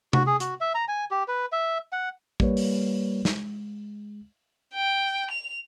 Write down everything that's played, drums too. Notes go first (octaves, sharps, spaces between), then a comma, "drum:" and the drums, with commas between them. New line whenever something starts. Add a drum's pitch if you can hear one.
F#4, drum: tom C3
G#4
F#4, drum: hi-hat
E5
A#5
G#5
G4
B4
E5
F#5
G3 A#3 B4 C#5, drum: kick
drum: open hi-hat
G#3, drum: snare
G5
F7